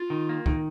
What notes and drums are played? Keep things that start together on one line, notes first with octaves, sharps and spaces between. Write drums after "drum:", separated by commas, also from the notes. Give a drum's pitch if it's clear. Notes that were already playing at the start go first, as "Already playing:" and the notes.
Already playing: F4
D#3
A#3
D#3, drum: kick